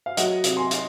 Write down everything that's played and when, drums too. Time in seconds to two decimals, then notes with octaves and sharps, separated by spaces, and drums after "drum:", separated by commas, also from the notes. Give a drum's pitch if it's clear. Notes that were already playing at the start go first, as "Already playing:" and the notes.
0.06 F5
0.17 F#3 D#5 F#5, drum: hi-hat
0.44 C3, drum: hi-hat
0.57 G#5 C6
0.71 drum: hi-hat